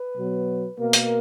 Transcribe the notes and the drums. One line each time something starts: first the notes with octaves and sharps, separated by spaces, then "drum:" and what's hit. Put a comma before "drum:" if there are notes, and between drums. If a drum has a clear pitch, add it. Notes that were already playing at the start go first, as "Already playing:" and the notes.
Already playing: B4
B2 F#3 B3
B2 A#3 A#4
drum: hi-hat